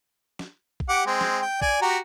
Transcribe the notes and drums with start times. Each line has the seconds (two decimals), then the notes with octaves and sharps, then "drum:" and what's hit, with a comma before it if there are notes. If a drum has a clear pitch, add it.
0.39 drum: snare
0.80 drum: kick A#1
0.89 G4 F#5 D6
1.07 G#3 C4
1.21 drum: snare
1.41 G5
1.62 D5 G#5, drum: kick A#1
1.82 F#4 G4 A#5